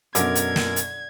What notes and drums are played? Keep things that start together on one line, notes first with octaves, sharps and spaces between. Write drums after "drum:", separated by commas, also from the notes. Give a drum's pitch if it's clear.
F#2 B2 D3 A#4 G#6, drum: hi-hat
drum: hi-hat
drum: snare
drum: hi-hat